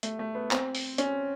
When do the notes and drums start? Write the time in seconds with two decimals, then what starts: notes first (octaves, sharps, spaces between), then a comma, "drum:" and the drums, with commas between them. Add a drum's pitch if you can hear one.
0.03 A3, drum: hi-hat
0.19 A3
0.35 B3
0.51 C4, drum: clap
0.75 drum: open hi-hat
0.98 C#4, drum: hi-hat